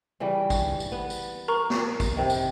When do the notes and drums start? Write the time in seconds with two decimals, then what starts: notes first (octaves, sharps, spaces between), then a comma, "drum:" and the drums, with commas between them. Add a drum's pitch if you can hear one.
0.20 C#3 E3 G3
0.50 drum: kick, tambourine
0.80 drum: tambourine
0.92 B3
1.10 drum: tambourine
1.48 A#4 A#5 C#6
1.70 drum: snare
2.00 drum: kick, tambourine
2.16 C3 D#3 E3
2.30 drum: tambourine